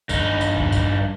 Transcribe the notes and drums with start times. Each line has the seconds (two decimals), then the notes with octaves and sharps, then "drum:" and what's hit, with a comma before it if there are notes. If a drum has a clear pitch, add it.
0.09 G2 D#4, drum: kick, tambourine
0.41 drum: tambourine
0.57 drum: kick
0.72 drum: kick, tambourine